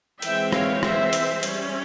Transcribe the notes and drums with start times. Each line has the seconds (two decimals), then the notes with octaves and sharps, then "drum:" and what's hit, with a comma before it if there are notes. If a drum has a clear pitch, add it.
0.22 E3 G#3 C4 E5 G5, drum: hi-hat
0.52 C#5 F5, drum: rim click
0.83 C5 E5, drum: rim click
1.13 drum: hi-hat
1.43 G3 C#4, drum: hi-hat